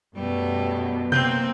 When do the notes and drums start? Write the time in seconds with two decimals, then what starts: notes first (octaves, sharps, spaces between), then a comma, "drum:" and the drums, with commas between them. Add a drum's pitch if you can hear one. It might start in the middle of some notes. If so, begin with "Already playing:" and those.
0.15 F#2 B2 G3 A3
1.12 A#3 C4 G6, drum: tom B2